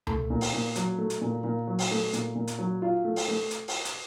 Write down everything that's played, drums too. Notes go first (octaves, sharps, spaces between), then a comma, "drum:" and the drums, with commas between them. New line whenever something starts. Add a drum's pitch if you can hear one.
A3, drum: tom C#2
A#2
drum: open hi-hat
A#2
F#3, drum: hi-hat
A3
drum: hi-hat
A#2
A#2
F#3
drum: open hi-hat
A3
A#2, drum: hi-hat
A#2
drum: hi-hat
F#3
F4
A3
drum: open hi-hat
A3
drum: hi-hat
drum: open hi-hat
drum: hi-hat